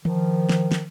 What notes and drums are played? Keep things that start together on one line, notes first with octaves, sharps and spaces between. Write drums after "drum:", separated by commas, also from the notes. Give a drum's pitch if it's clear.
D#3 F3, drum: tom D#3
drum: snare
drum: snare